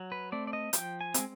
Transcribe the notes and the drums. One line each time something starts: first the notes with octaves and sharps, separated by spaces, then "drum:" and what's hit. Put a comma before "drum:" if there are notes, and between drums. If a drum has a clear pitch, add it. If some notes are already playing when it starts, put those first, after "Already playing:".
Already playing: F#3
B4
A3 C4 D5
D5
D#5
F3 G5, drum: hi-hat
G#5
G#3 C4, drum: hi-hat